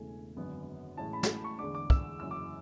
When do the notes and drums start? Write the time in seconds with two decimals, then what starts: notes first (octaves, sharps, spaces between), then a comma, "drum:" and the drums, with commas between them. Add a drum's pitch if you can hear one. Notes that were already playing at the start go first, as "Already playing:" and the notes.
Already playing: E1 E2 C#3 E3 A3 G#5
0.36 G#1 F#2 D3 F#3 B3
0.97 A1 A2 G#3 C#4 E4 A5
1.13 B5
1.23 drum: snare
1.44 C#6
1.59 E2 D3 G#3 D4 D6
1.75 D6
1.90 E6, drum: kick
2.20 F#1 F#2 E3 E6
2.31 D6